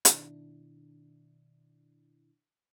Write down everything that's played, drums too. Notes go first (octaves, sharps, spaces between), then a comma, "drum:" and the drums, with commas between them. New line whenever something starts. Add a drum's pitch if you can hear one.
B2 D#3 D4 E4, drum: hi-hat